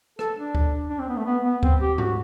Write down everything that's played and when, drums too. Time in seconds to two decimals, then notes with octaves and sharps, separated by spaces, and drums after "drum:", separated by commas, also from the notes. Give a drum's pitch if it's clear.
0.19 A4, drum: rim click
0.37 D4
0.55 drum: kick D2
0.90 D4
0.99 C4
1.09 B3
1.17 A3
1.26 B3
1.44 B3
1.63 C4, drum: kick D2
1.81 G4
1.98 F#4, drum: tom G#2